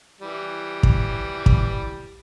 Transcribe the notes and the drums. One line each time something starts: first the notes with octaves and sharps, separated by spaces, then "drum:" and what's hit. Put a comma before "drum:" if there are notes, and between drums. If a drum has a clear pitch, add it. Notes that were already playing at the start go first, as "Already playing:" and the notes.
E3 G3
drum: kick
drum: kick